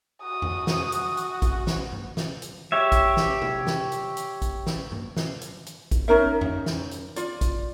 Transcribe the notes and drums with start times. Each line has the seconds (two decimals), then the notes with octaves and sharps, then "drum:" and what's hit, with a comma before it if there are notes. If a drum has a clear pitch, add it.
0.23 F#4 D#6
0.42 drum: tom F2
0.67 drum: snare
0.92 drum: hi-hat
1.17 drum: hi-hat
1.42 drum: kick, hi-hat
1.67 drum: snare
1.92 drum: tom G2
2.17 drum: snare
2.42 drum: hi-hat
2.72 G4 C#5 E5
2.92 drum: kick, hi-hat
3.17 drum: snare
3.42 drum: tom C3
3.67 drum: snare
3.92 drum: hi-hat
4.17 drum: hi-hat
4.42 drum: kick, hi-hat
4.67 drum: snare
4.92 drum: tom G2
5.17 drum: snare
5.41 drum: hi-hat
5.66 drum: hi-hat
5.91 drum: kick, hi-hat
6.08 C#4 D#4 A#4 E5
6.41 drum: tom F2
6.66 drum: snare
6.91 drum: hi-hat
7.16 F4 D5, drum: hi-hat
7.41 drum: kick, hi-hat